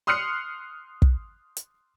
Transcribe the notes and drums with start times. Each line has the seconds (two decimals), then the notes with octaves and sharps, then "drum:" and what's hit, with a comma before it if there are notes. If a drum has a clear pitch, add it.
0.07 C6 D#6 F6 F#6 C7 C#7
1.02 drum: kick
1.57 drum: hi-hat